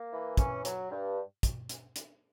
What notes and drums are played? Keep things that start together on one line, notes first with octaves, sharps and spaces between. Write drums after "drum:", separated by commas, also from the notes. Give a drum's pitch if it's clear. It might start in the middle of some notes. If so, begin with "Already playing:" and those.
Already playing: A#3
E3
C#4, drum: kick, hi-hat
F#3, drum: hi-hat
G2
drum: kick, hi-hat
drum: hi-hat
drum: hi-hat